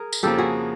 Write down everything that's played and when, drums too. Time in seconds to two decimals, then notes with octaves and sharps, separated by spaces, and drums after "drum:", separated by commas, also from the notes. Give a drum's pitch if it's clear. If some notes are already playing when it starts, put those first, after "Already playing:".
Already playing: G#4 A#4
0.13 drum: tambourine
0.23 F2 C#3 F3 A#3 G4 A4
0.38 F#4 G#4